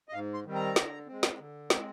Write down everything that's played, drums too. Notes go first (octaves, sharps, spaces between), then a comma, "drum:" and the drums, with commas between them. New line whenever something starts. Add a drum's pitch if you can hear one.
D#5
G#2 F5
C6
D#3 G3 C4
A#5
D3, drum: snare
G#3 C4
drum: snare
D3
G#3 C4, drum: snare